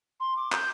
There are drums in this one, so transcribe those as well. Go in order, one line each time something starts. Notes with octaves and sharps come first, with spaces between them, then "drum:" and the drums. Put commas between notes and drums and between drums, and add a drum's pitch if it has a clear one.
C6
D6
G6, drum: clap